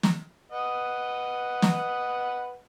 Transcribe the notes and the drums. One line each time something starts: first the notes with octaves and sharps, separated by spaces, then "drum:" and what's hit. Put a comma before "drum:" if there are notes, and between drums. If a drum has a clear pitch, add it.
drum: snare
B4 D#5 F#5
drum: snare